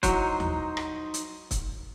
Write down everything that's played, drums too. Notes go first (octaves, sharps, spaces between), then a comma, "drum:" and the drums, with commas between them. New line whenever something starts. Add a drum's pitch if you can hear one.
F#3 D#4 E4 F#4 C5, drum: kick, hi-hat
drum: tom D#2
drum: rim click
drum: hi-hat
drum: kick, hi-hat